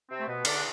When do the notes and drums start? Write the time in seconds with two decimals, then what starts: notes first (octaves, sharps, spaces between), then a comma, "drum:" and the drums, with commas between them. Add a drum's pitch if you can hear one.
0.10 C3 C4
0.19 A3
0.27 B2 B3
0.45 D3 D4, drum: cymbal